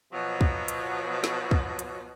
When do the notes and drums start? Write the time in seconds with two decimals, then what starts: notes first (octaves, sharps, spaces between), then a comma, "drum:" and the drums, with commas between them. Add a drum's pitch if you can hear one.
0.13 B2 F3 F#3
0.41 drum: kick
0.68 drum: hi-hat
1.24 drum: snare
1.51 drum: kick
1.79 drum: hi-hat